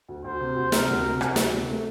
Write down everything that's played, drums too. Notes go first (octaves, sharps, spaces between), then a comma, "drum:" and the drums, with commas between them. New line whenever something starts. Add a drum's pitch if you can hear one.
D2
D2 C5
C3
D2
C3 A#4, drum: snare
D2
C3
D2, drum: rim click
D2, drum: snare
C3
A3